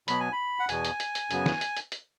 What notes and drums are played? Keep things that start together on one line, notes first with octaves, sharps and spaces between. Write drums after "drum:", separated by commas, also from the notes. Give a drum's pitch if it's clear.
B2 F#3 B3 B5, drum: hi-hat
G#5
B5
F#5
E2 B2 B3 G#5, drum: hi-hat
drum: hi-hat
drum: hi-hat
drum: hi-hat
F#2 C#3 F#3 B3, drum: hi-hat
drum: snare
drum: hi-hat
drum: hi-hat
drum: hi-hat